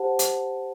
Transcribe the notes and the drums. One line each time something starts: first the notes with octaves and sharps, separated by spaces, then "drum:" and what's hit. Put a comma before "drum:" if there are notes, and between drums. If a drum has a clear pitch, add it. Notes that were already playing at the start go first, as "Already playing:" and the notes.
Already playing: G4 C5 F#5 A5
drum: hi-hat